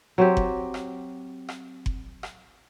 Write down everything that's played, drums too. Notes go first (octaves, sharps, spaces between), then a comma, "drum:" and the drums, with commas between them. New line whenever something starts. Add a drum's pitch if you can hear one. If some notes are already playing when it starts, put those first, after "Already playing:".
F#3 C4 G4
drum: kick F#1
drum: rim click
drum: rim click
drum: kick F#1
drum: rim click